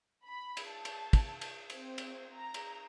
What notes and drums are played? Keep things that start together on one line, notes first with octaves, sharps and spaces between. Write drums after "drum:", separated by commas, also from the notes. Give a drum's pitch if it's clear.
B5
drum: cymbal
A5
drum: cymbal
drum: kick, cymbal
drum: cymbal
C4, drum: cymbal
drum: cymbal
A#5
drum: cymbal